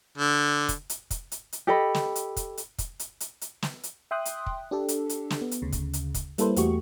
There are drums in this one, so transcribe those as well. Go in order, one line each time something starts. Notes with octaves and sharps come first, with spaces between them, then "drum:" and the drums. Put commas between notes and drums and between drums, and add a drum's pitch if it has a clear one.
D3
drum: kick, hi-hat
drum: hi-hat
drum: kick, hi-hat
drum: hi-hat
drum: hi-hat
G4 A4 D#5 B5
drum: snare
drum: hi-hat
drum: kick, hi-hat
drum: hi-hat
drum: kick, hi-hat
drum: hi-hat
drum: hi-hat
drum: hi-hat
drum: snare
drum: hi-hat
E5 G5 C6 D#6 F#6
drum: hi-hat
drum: kick
D4 G4 A4
drum: hi-hat
drum: hi-hat
drum: snare
B3
drum: hi-hat
D2 C#3
drum: kick, hi-hat
drum: hi-hat
drum: kick, hi-hat
G3 A#3 E4 A4 B4 C5, drum: hi-hat
E2 A3 F#4 G4 C#6, drum: hi-hat